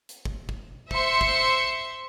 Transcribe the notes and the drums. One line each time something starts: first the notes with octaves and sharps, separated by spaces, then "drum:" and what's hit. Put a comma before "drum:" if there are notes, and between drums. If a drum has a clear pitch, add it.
drum: hi-hat
drum: kick
drum: kick
C5 E5 C6 C#7, drum: kick
drum: kick